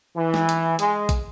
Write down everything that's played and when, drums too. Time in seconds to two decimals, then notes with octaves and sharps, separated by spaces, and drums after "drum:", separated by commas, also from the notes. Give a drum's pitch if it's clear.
0.16 E3
0.34 drum: snare
0.49 drum: hi-hat
0.79 G#3, drum: hi-hat
1.09 drum: kick, hi-hat